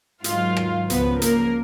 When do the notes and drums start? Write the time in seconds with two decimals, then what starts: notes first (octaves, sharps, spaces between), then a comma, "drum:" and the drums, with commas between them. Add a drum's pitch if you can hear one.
0.24 G#2 D#3 F#3 F4 F5, drum: hi-hat
0.57 drum: rim click
0.90 C#2 C#3 F3 B3 B4, drum: hi-hat
1.22 A#3 A#4, drum: hi-hat